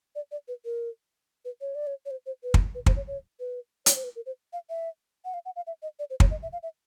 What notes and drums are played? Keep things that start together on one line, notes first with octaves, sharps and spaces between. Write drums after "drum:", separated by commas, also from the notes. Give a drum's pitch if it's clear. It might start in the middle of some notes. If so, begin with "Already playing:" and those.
D5
D5
B4
A#4
B4
C#5
D5
C#5
C#5
C5
C5
B4
drum: kick
B4
C5, drum: kick
C#5
C#5
B4
C#5, drum: hi-hat
C5
B4
A#4
C5
F5
E5
F#5
F5
F#5
F5
E5
D#5
D5
C5
C#5, drum: kick
D#5
E5
F5
E5